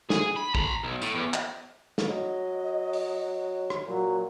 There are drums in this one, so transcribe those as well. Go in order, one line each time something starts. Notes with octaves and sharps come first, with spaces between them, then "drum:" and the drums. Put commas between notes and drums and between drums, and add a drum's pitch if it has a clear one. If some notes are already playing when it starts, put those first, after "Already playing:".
G#4, drum: snare
B5
A#5 B5, drum: kick
B1
A2, drum: tambourine
E2
drum: clap
drum: snare
F#3 D#5
drum: open hi-hat
drum: rim click
A#2 F#3